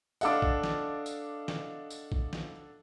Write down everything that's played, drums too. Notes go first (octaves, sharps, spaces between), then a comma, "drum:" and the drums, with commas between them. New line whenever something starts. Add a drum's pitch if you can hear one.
D4 A4 D#5 F5 F#5 D6, drum: tambourine
drum: kick
drum: snare
drum: tambourine
drum: snare
drum: tambourine
drum: kick
drum: snare